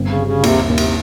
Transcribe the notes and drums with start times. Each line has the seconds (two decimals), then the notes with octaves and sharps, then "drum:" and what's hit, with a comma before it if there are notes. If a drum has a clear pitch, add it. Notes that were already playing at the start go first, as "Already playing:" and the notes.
Already playing: G1 C4
0.11 C#3
0.19 G3
0.27 C#3
0.41 A#2
0.44 D#2 C3, drum: cymbal
0.69 D#2
0.78 C3, drum: cymbal